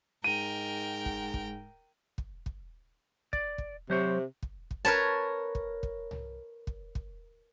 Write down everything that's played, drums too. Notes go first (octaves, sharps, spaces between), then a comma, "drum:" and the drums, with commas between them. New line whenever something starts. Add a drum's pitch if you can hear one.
G#2 A#4 G5 D#7
drum: kick
drum: kick
drum: kick
drum: kick
D5, drum: kick
drum: kick
C3 F#3 C5 C#5
drum: kick
drum: kick
A#4 B4 C#5 A5
drum: kick
drum: kick
drum: tom C2
drum: kick
drum: kick